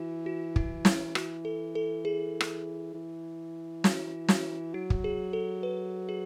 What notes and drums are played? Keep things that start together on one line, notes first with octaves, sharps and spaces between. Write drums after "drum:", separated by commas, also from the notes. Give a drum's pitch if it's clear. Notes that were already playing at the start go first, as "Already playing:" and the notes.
Already playing: E3 F#4
F#4
E4, drum: kick
E4, drum: snare
F#4, drum: rim click
A4
A4
G#4
drum: rim click
E3
F#4, drum: snare
F#4, drum: snare
F#3 E4
drum: kick
G#4
A4
B4
G#4